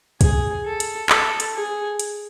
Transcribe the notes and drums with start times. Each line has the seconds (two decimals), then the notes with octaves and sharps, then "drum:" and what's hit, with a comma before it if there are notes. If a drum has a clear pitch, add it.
0.21 G#4, drum: kick, hi-hat
0.66 A4
0.80 drum: hi-hat
1.09 A4, drum: clap
1.40 drum: hi-hat
1.55 G#4
1.99 drum: hi-hat